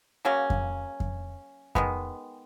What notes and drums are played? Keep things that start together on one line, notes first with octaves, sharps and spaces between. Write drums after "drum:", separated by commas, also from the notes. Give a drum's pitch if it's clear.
C#3 F#3 A#3 C#4
drum: kick F2
drum: kick F2
D#3 G#3 B3, drum: kick F2